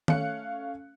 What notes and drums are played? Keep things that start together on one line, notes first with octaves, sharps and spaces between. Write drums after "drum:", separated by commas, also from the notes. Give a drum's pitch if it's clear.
A3 C#4 F5 F#6 C#7, drum: tom D#3